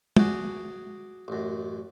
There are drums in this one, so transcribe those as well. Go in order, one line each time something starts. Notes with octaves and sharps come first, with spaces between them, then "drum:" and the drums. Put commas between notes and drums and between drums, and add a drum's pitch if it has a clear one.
F#4 G#4 D5, drum: tom
A1 F#2